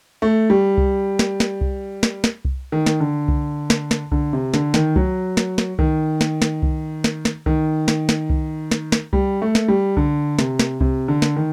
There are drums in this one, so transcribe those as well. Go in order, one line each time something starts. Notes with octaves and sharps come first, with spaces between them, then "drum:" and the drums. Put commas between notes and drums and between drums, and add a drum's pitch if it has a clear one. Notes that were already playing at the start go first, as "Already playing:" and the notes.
A3
G3
drum: kick C2
drum: snare
drum: snare
drum: kick C2
drum: snare
drum: snare
drum: kick C2
D#3
drum: snare
D3
drum: kick C2
drum: snare
drum: snare
D3, drum: kick C2
C3
D3, drum: snare
D#3, drum: snare
F#3, drum: kick C2
drum: snare
drum: snare
D#3, drum: kick C2
drum: snare
drum: snare
drum: kick C2
drum: snare
drum: snare
D#3, drum: kick C2
drum: snare
drum: snare
drum: kick C2
drum: snare
drum: snare
G3, drum: kick C2
A3
drum: snare
G3
D3, drum: kick C2
C3, drum: snare
drum: snare
C3, drum: kick C2
D3
drum: snare
D#3